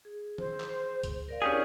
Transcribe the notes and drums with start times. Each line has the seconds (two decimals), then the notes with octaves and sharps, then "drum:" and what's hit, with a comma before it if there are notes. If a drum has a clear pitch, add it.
0.05 G#4
0.38 C5, drum: tom E3
0.60 drum: clap
1.03 drum: kick D2, hi-hat
1.29 A#4 D5 F5
1.42 C#4 D4 E4 G4 G#4 A#4 D5